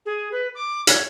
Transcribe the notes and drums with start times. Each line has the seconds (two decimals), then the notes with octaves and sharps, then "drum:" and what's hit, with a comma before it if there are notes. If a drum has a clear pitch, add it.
0.06 G#4
0.32 B4
0.55 D6
0.87 C#5, drum: hi-hat